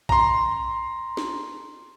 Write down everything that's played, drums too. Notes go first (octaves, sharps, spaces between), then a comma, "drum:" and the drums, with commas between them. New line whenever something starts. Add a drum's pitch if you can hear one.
A#5 C6, drum: kick A1
drum: snare